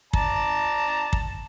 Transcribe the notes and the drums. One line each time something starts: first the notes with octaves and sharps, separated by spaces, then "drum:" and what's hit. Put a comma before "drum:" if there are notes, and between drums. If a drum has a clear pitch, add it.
D5 A5 A#5, drum: kick
drum: kick